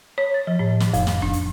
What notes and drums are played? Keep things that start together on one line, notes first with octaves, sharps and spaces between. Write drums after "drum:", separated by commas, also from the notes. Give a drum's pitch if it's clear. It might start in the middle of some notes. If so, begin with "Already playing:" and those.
C#5
A6
F3
A2
drum: snare
F2, drum: kick, hi-hat
drum: snare
D4, drum: kick
drum: hi-hat